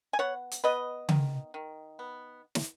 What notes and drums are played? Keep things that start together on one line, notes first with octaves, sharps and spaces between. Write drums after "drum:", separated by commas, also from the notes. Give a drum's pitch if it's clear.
G#5
B3 C#5 F#5
drum: hi-hat
B3 B4 D#5
D#3, drum: tom C#3
D#3
B3
drum: snare